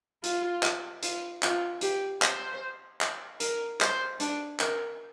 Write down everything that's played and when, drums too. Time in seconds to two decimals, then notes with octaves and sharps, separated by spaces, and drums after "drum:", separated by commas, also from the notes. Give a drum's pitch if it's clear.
0.24 F4, drum: hi-hat
0.63 drum: clap
1.03 F4, drum: hi-hat
1.43 F4, drum: clap
1.81 G4, drum: hi-hat
2.22 C5, drum: clap
3.01 drum: clap
3.40 A#4, drum: hi-hat
3.81 C5, drum: clap
4.20 D4, drum: hi-hat
4.60 A#4, drum: clap